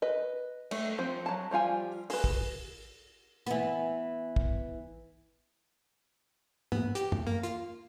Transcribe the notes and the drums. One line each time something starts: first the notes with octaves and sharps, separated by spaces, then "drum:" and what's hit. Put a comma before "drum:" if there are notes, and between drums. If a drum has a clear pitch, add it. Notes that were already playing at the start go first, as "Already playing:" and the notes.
B4 D#5
A3, drum: cymbal
F3 C4
F#3 A5
F3 G3 F4 G#5
G#4 B4, drum: open hi-hat
drum: kick
E3 B3, drum: hi-hat
drum: kick
B3, drum: tom G#2
G4, drum: hi-hat
drum: tom F#2
A#3
F4, drum: hi-hat